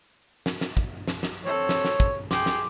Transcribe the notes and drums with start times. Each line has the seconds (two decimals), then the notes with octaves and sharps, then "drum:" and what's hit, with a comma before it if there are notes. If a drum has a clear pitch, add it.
0.46 drum: snare
0.61 drum: snare
0.77 drum: kick
1.08 drum: snare
1.23 drum: snare
1.45 C4 A4 C#5
1.69 drum: snare
1.85 drum: snare
2.00 drum: kick
2.31 G#4 G5 C6 D6, drum: snare
2.46 drum: snare